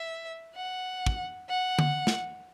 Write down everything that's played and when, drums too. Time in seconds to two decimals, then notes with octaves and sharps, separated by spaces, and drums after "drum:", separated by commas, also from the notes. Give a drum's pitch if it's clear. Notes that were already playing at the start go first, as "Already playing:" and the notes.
Already playing: E5
0.56 F#5
1.06 drum: kick
1.49 F#5
1.79 drum: tom D3
2.07 drum: snare